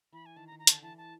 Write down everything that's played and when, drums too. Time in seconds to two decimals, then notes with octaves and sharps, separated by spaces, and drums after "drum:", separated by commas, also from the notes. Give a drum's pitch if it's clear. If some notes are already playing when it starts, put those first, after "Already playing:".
0.13 E3 B5
0.26 G#5
0.36 D#3 A5
0.47 A#5
0.52 D#3
0.59 A#5
0.67 D3 A5, drum: hi-hat
0.82 E3 A5
0.98 A5